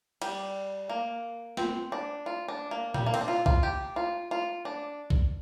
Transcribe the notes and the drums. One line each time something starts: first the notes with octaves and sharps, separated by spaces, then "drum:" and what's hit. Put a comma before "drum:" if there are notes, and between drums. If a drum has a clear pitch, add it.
G3, drum: cymbal
A#3
C4, drum: snare
D4
F4
D4
A#3
G3, drum: tom A#2
A#3
C4, drum: cymbal
D4
F4
F4, drum: kick B1
G4
F4
F4
D4
drum: kick B1